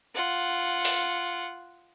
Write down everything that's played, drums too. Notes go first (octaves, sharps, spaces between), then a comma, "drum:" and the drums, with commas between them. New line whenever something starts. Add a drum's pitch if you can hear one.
F4 F#5
drum: open hi-hat